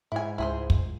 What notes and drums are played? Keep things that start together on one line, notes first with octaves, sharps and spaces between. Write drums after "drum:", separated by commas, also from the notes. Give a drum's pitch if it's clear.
G#2 E4 G#5
C#2 E4 G#4 C5
drum: kick